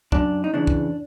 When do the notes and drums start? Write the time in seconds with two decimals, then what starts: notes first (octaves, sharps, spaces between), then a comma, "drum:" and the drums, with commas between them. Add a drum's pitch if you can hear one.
0.12 F#2 D4, drum: kick
0.44 D#4
0.54 C#3 E3 D4
0.67 drum: kick